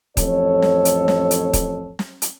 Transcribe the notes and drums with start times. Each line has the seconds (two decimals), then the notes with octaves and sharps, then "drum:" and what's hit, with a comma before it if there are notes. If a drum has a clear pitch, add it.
0.17 A1 F2 A4 C#5, drum: kick D#1, hi-hat
0.62 drum: snare
0.85 drum: hi-hat
1.08 drum: snare
1.31 drum: hi-hat
1.53 drum: kick D#1, hi-hat
1.99 drum: snare
2.22 drum: hi-hat